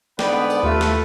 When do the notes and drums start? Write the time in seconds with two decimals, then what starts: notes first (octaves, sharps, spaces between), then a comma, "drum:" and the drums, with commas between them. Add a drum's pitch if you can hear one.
0.19 G#2 D3 B3 B4 D5 G5, drum: snare
0.50 drum: tambourine
0.63 D#2 A3 F4 G4
0.81 drum: snare